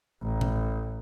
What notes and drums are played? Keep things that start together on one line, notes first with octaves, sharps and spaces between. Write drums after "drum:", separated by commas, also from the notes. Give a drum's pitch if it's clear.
A1
drum: tom A2